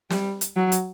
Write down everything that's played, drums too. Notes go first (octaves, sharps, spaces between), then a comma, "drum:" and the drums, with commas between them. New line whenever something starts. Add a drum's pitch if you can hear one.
G3, drum: snare
drum: hi-hat
F#3
drum: hi-hat